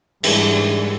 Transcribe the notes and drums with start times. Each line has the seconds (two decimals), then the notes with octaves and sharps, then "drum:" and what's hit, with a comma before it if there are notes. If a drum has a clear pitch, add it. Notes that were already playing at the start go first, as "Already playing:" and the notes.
0.24 G#2 E3 G3 G#3 D4, drum: cymbal